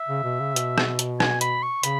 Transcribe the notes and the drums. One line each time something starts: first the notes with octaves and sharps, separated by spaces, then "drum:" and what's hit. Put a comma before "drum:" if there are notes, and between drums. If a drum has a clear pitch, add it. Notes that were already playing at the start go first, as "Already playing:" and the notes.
Already playing: E5
C#3
B2
C#3
B2, drum: hi-hat
drum: rim click
drum: hi-hat
G#5, drum: rim click
B5, drum: hi-hat
C#6
C#3 B5, drum: hi-hat